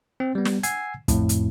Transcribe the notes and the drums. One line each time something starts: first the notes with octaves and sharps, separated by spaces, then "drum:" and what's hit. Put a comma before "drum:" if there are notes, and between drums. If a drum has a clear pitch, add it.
C4
G3 B3
drum: snare
F#5 G#5 E6 G#6 C7, drum: hi-hat
F2 A2, drum: kick, hi-hat
drum: hi-hat